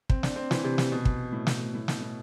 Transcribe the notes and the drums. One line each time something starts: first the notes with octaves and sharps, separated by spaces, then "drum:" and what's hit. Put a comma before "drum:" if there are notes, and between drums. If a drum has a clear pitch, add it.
C4, drum: kick
D4, drum: snare
C4
E3, drum: snare
C3
drum: snare
B2
drum: kick
A2
drum: snare
A2
B2, drum: snare
A2